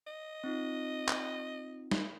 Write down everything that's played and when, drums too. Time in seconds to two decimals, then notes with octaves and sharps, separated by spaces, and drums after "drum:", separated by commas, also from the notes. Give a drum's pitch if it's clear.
0.07 D#5
0.44 C4 D#4 F4
1.09 drum: clap
1.91 drum: snare